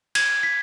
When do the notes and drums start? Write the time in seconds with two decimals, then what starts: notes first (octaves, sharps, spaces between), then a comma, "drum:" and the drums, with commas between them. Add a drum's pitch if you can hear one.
0.15 G#6, drum: cymbal
0.43 B6